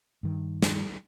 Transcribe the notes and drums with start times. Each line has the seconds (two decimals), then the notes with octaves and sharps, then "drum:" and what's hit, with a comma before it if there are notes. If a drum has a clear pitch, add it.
0.23 G2 D#3
0.62 drum: snare